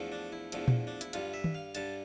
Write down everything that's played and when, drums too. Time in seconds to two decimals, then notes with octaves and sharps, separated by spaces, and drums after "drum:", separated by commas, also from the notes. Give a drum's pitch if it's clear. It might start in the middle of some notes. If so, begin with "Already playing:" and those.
Already playing: E2 D3 F3 A3
0.12 D4
0.32 E4
0.52 E2 D3 F3 A3, drum: hi-hat
0.68 drum: tom A#2
0.87 D4
1.01 E4, drum: hi-hat
1.13 G2 D3 G3 F4, drum: hi-hat
1.34 E5
1.44 drum: tom D#3
1.55 F5
1.75 G2 D3 G3 A5, drum: hi-hat